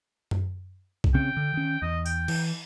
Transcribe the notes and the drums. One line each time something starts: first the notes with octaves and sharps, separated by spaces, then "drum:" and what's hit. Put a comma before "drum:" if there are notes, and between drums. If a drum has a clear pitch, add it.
drum: tom F#2
drum: kick B1
C#3 C4 C#4 G5
D3
D#3 C#4
E2 D#5
G5, drum: tambourine
E3, drum: cymbal